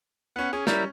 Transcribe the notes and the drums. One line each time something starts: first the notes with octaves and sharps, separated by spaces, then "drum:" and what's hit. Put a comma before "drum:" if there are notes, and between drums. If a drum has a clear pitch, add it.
B3 C#4 F#5
C#4 G#4
G3 E4 A#4, drum: snare